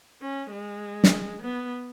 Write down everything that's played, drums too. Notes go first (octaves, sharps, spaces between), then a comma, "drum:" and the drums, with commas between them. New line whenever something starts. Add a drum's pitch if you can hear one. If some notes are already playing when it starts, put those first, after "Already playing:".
C#4
G#3
drum: snare
B3